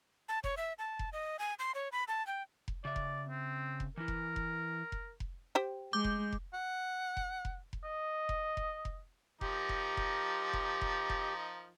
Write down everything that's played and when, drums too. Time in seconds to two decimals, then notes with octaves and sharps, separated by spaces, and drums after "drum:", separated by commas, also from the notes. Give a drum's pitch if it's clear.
0.28 A5
0.44 C#5, drum: kick F1
0.57 E5
0.79 A5
0.99 drum: kick F1
1.13 D#5
1.39 G#5
1.59 C6
1.75 C#5
1.92 B5
2.08 A5
2.27 G5
2.68 drum: kick F1
2.85 C#3 D5 E5
2.96 drum: kick F1
3.29 C4
3.80 drum: kick F1
3.97 E3 E4 A#4
4.08 drum: kick F1
4.36 drum: kick F1
4.92 drum: kick F1
5.20 drum: kick F1
5.55 G4 C5 G5
5.93 G#3 D6 G6
6.04 drum: kick F1
6.32 drum: kick F1
6.54 F#5
7.17 drum: kick F1
7.45 drum: kick F1
7.73 drum: kick F1
7.84 D#5
8.29 drum: kick F1
8.57 drum: kick F1
8.85 drum: kick F1
9.41 F3 D#4 G4 A#4, drum: kick F1
9.69 drum: kick F1
9.97 drum: kick F1
10.53 drum: kick F1
10.81 drum: kick F1
11.10 drum: kick F1